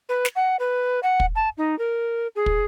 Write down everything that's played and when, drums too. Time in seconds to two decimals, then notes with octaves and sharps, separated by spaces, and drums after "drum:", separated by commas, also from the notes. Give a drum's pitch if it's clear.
0.09 B4
0.25 drum: snare
0.36 F#5
0.59 B4
1.03 F#5
1.20 drum: kick
1.35 A5
1.58 D#4
1.79 A#4
2.36 G#4
2.46 drum: kick